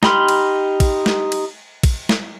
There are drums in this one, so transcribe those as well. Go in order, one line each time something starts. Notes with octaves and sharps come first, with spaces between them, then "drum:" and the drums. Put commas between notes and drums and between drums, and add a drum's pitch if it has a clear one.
D#4 G4 B5 C6 F6, drum: snare
drum: cymbal
drum: kick, cymbal
drum: snare
drum: cymbal
drum: kick, cymbal
drum: snare